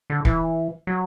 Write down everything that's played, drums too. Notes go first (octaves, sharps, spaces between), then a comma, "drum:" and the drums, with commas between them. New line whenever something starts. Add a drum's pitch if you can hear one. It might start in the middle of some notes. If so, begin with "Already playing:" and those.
D3
E3, drum: kick
F#3